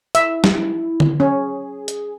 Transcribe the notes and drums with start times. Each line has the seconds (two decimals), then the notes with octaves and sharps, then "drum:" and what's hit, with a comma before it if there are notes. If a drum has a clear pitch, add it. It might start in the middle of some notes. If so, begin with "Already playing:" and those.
0.15 E4 E5, drum: hi-hat
0.44 drum: snare
1.00 drum: tom D3
1.20 C#4 G#4
1.88 drum: hi-hat